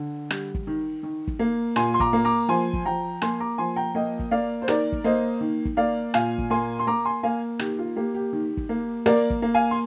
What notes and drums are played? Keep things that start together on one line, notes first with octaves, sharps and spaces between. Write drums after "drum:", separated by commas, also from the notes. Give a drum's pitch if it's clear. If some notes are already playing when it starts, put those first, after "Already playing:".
Already playing: D3
G3, drum: rim click
drum: kick
D#3
D#3
drum: kick
A#3
A#2 G#5 C6, drum: rim click
C6
A#5 D6, drum: kick
A#3
A#5 D6
F3 G#5 C6
drum: kick
F3 G5 A#5
A#3 G#5 C6, drum: rim click
A#5 D6
F3 G#5 C6
G5 A#5
A#3 D#5 G5
drum: kick
A#3 D5 F5
C5
D#3 A#4 D5, drum: rim click
drum: kick
A#3 C5 D#5
D#3
drum: kick
A#3 D5 F5
A#2 F5 G#5, drum: rim click
drum: kick
A#3 G#5 C6
C6
A#3 A#5 D6
G#5 C6
A#3 F5 G#5
D#3 G4, drum: rim click
F4
A#3 G4
G4
D#3
drum: kick
A#3
A#3 A#4 D5, drum: rim click
drum: kick
A#3
F5 G#5
C6